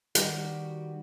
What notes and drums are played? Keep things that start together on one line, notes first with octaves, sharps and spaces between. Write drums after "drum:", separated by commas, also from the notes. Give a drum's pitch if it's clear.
D#3 G3 F#4 B4, drum: hi-hat